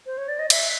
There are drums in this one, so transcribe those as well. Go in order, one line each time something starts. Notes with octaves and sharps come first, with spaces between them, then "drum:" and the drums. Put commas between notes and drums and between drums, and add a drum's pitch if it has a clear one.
C5
C#5
D5
D#5
E5, drum: cymbal